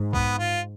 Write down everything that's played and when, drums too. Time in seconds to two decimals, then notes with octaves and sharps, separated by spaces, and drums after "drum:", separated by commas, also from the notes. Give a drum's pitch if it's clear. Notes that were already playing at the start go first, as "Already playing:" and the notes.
Already playing: G#2
0.13 B3, drum: kick
0.38 F4